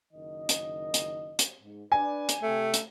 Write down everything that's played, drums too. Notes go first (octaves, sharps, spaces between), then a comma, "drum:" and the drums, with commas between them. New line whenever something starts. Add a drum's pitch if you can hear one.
F#1 D#3 D#5
drum: hi-hat
drum: hi-hat
drum: hi-hat
G#2
D4 B4 D5 G#5
drum: hi-hat
C3 A3 G5
drum: hi-hat